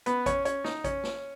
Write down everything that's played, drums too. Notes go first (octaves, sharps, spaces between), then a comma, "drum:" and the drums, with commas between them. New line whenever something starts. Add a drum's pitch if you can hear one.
B3 B4, drum: hi-hat
C#4 C#5, drum: kick A1, hi-hat
C#4 C#5, drum: hi-hat
D#4, drum: snare
C#4, drum: kick A1, hi-hat
drum: snare